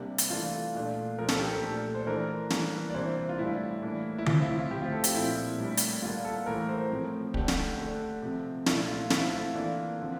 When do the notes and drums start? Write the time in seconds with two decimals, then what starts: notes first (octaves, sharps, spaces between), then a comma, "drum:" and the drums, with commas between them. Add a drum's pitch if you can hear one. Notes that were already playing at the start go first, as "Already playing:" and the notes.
Already playing: C3 G3 A#3 D4
0.18 drum: hi-hat
0.30 E3 A3 D4 F4
0.75 A#2 A3 D4
1.19 A#2 F3 A#3 A#4
1.28 A4, drum: snare
1.39 G4
1.50 A4
1.62 A#2 A3 D4
1.95 C5
2.06 E3 A3 D4 A#4
2.50 E3 G3 A#3 D4, drum: snare
2.90 D5
2.94 C3 E3 A#3 D4 C5
3.29 F4
3.38 A2 G3 D4 E4
3.82 A2 E3 A#3 D4
4.18 E4
4.26 A2 F3 C4 F4, drum: tom D3
4.41 E4
4.56 F4
4.71 A2 F3 C4 G4
4.81 F4
4.92 A4
5.04 G4, drum: hi-hat
5.14 A#2 F3 C4 E4
5.58 A2 G3 A#3 D4
5.77 drum: hi-hat
6.02 D3 G3 A#3 D4 F4
6.25 A4
6.46 A2 E3 A3 A#4
6.69 C5
6.90 A2 F3 C4
7.34 D3 A3 D4 G4, drum: kick
7.48 drum: snare
7.78 D3 A3 D4
8.22 C3 F3 C4
8.66 A#2 A3 D4 E4, drum: snare
8.88 F4
9.10 D3 A3 C4 E4, drum: snare
9.32 F4
9.54 E3 A#3 D4
9.98 D3 F3 C4